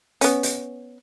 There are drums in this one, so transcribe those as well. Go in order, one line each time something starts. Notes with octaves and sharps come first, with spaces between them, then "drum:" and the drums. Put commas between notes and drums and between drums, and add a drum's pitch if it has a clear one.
B3 C#4, drum: hi-hat
drum: hi-hat